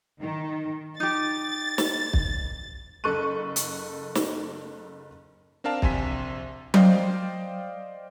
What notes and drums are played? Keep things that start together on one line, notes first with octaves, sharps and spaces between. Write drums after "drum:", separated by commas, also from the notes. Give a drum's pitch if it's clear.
D#3
D#4 G4 A6
drum: snare
drum: kick
F#1 A4 C#6 F#6 D#7
drum: hi-hat
drum: snare
C4 D4 A#4 F5 A5
A#1 C3 G#5 C6 B6, drum: kick
C5 D5 D#5 F5 G5 C6, drum: tom F#3